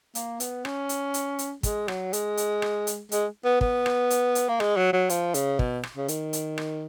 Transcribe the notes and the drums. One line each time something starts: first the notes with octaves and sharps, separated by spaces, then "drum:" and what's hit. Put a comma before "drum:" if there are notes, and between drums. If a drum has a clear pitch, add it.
A#3, drum: hi-hat
B3, drum: hi-hat
C#4, drum: rim click
drum: hi-hat
drum: hi-hat
drum: hi-hat
G#3, drum: kick, hi-hat
F#3, drum: rim click
G#3, drum: hi-hat
drum: hi-hat
drum: rim click
drum: hi-hat
G#3, drum: hi-hat
B3
B3, drum: kick
drum: rim click
drum: hi-hat
drum: hi-hat
A#3
G#3, drum: rim click
F#3
F#3
F3, drum: hi-hat
C#3, drum: hi-hat
B2, drum: kick
drum: rim click
C#3
D#3, drum: hi-hat
drum: hi-hat
drum: rim click